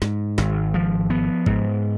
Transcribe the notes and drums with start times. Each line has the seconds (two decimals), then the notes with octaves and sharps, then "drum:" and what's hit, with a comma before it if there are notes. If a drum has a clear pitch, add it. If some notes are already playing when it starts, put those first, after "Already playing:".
0.02 G#2, drum: snare
0.38 G#1, drum: snare
0.74 F3
1.10 B3
1.46 G#2, drum: kick G#1